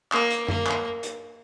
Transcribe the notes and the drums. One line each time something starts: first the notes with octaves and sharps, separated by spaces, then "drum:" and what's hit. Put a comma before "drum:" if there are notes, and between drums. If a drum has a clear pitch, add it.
A#3, drum: clap
drum: hi-hat
A#3, drum: tom F#2
drum: clap
drum: hi-hat